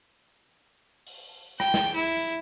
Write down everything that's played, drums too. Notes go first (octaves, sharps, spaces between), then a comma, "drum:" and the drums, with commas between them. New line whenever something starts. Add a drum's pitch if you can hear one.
drum: open hi-hat
G5, drum: rim click
drum: snare
E4, drum: hi-hat